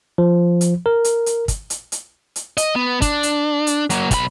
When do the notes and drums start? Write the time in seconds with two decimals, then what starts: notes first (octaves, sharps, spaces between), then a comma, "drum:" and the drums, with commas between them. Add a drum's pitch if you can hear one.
0.18 F3
0.61 drum: hi-hat
0.86 A#4
1.04 drum: hi-hat
1.26 drum: hi-hat
1.48 drum: kick, hi-hat
1.70 drum: hi-hat
1.92 drum: hi-hat
2.36 drum: hi-hat
2.57 D#5, drum: hi-hat
2.76 B3
3.02 D4, drum: kick, hi-hat
3.23 drum: hi-hat
3.67 drum: hi-hat
3.90 F#3 A#3, drum: hi-hat
4.11 B1 B5, drum: kick, hi-hat